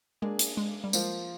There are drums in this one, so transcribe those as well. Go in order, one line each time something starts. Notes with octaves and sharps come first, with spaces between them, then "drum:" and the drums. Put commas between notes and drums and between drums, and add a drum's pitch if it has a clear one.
G#3 A#3 D4 G#4
drum: hi-hat
G#3
G3
F3 G#3 A#3 F4 C5, drum: tambourine